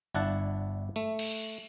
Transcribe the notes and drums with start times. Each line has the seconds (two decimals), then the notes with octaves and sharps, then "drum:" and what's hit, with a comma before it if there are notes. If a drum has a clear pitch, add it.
0.14 G1 D4 E4 F#5 A5
0.96 A3
1.19 drum: cymbal